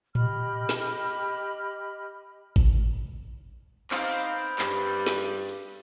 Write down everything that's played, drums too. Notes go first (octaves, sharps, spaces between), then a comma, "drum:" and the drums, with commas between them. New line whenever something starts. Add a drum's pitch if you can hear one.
G4 D#5 B5 F6, drum: tom A2
drum: snare
drum: kick G#1
B3 C4 D#4 G4 F5, drum: clap
G2 G3, drum: clap
drum: snare
drum: cymbal